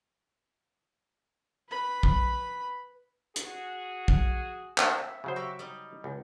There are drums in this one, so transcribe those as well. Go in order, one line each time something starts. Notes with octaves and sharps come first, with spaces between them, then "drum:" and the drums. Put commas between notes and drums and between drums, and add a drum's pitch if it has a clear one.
B4 B5
drum: kick A#1
F#4 G#4, drum: hi-hat
drum: kick A#1
drum: clap
E5
C#3 F#3 C5
F#4 G4 E5
G3 D#4
C#2